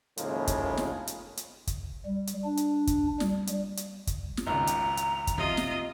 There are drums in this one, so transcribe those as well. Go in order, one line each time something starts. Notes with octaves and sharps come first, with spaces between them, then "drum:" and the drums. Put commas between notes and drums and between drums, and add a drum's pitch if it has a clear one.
D#2 A2 C#3 F3 G#3 A#3, drum: hi-hat
drum: kick, hi-hat
drum: snare
drum: hi-hat
drum: hi-hat
drum: kick, hi-hat
G3
drum: hi-hat
D4
drum: hi-hat
drum: kick, hi-hat
G3, drum: snare
drum: hi-hat
drum: hi-hat
drum: kick, hi-hat
drum: snare
G#1 C#2 A#5
drum: hi-hat
drum: hi-hat
drum: kick, hi-hat
C3 F3 F4 D#5
drum: snare